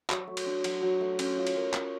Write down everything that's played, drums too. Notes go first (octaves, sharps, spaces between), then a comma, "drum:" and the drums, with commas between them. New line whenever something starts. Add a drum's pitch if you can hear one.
F#3, drum: clap
A3
drum: cymbal
D4
F#3, drum: cymbal
F#3
A3
C#4, drum: cymbal
F4
drum: cymbal
A#4
C#4, drum: clap